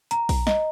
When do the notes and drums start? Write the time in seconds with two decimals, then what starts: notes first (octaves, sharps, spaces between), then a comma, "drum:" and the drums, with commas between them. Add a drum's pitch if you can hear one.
0.11 A#5, drum: hi-hat
0.29 drum: kick A#1, open hi-hat
0.47 D#5, drum: snare